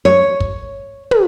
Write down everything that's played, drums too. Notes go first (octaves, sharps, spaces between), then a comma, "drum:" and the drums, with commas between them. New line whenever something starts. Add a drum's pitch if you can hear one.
C#5
drum: kick
drum: tom